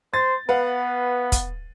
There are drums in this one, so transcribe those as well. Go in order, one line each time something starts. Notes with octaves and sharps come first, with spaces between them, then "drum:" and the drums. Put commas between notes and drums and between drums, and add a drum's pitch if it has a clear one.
C5 A6
B3 B4 F5 F#5
drum: kick, hi-hat